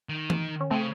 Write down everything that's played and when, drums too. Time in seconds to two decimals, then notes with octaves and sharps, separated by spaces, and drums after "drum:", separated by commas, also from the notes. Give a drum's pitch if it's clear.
0.09 D#3
0.30 drum: tom E3
0.61 C#4
0.71 C#3 A3 C4